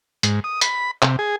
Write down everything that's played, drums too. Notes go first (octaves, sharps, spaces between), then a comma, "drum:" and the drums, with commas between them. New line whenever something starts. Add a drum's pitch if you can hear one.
G#2, drum: hi-hat
D#6
B5, drum: hi-hat
C3, drum: clap
G#4